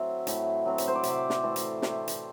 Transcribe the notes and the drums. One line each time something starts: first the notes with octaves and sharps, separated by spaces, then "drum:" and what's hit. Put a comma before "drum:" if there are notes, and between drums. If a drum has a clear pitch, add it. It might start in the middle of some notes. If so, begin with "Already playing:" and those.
Already playing: A2 F#3 C4 E5
A2, drum: hi-hat
F#3 C4
drum: hi-hat
C5
D5
C3 E5, drum: hi-hat
drum: snare
E3 A3 C4
drum: hi-hat
C3, drum: snare
drum: hi-hat